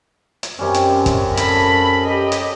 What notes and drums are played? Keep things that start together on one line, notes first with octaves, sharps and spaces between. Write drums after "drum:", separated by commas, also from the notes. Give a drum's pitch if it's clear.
drum: hi-hat
F#2 C3 G3 C#4
drum: hi-hat
drum: kick, hi-hat
A4 B5, drum: hi-hat
G4 D#5
drum: hi-hat